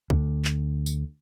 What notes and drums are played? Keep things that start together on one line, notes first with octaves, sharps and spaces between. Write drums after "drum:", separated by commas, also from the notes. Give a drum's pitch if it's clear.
D2 D3, drum: kick
drum: clap
drum: tambourine